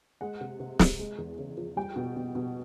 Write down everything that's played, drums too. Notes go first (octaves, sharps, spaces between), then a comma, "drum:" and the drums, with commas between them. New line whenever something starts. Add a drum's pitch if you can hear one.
G#3 F#5
C3
C3
G#3, drum: snare
G#3
E2
C#3
F3
G3 G5
B2
B2
B2